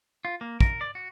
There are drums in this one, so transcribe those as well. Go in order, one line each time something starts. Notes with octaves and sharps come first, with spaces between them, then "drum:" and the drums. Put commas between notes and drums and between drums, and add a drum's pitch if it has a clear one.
F4
A#3
A#4, drum: kick
D5
F#4